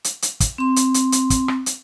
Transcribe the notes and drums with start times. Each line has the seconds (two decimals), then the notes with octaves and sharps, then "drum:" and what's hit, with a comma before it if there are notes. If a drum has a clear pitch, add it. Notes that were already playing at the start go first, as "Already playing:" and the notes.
0.04 drum: hi-hat
0.22 drum: hi-hat
0.40 drum: kick, hi-hat
0.58 C4 C6
0.76 drum: hi-hat
0.94 drum: hi-hat
1.12 drum: hi-hat
1.30 drum: kick, hi-hat
1.48 drum: rim click
1.66 drum: hi-hat